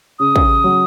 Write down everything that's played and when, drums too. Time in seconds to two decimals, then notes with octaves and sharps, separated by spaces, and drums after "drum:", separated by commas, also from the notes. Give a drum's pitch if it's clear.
0.19 C#3 D#6
0.36 drum: kick
0.64 F#3